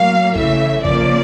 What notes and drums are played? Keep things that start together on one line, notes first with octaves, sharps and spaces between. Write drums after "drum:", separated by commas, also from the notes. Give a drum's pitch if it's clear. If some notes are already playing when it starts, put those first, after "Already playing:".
Already playing: A2 F#3 A#3 F5
C#3 E3 A3 E5, drum: kick
C#3 F3 A#3 D5, drum: kick